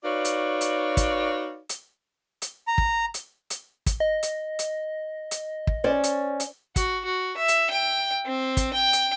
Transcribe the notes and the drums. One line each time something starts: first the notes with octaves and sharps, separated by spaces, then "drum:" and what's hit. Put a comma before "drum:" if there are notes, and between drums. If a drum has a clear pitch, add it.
D#4 F#4 B4 C#5 D5 F5
drum: hi-hat
drum: hi-hat
drum: kick, hi-hat
drum: hi-hat
drum: hi-hat
A#5
drum: kick
drum: hi-hat
drum: hi-hat
drum: kick, hi-hat
D#5
drum: hi-hat
drum: hi-hat
drum: hi-hat
drum: kick
C#4 C5 D5
drum: hi-hat
drum: hi-hat
F#4, drum: kick, hi-hat
F#4
E5
drum: hi-hat
G5
C4
drum: kick, hi-hat
G5
drum: hi-hat